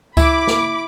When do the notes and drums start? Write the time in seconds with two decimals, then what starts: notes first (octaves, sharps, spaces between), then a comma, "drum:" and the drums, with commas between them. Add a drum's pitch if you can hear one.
0.17 E4 B5 D6, drum: kick C#2, tambourine
0.47 drum: snare